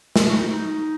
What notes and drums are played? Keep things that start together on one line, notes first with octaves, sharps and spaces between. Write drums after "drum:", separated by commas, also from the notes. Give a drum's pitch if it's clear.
drum: snare
F#4
D#4
D#4